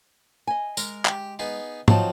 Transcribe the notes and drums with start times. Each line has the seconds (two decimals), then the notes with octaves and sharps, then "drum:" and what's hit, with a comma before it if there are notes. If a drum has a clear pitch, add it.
0.47 D#5 G#5
0.77 G#3 A#4, drum: tambourine
1.05 G4, drum: clap
1.39 B3 D#4 G#4
1.88 F3 F#3 C4 D#4 A5, drum: tom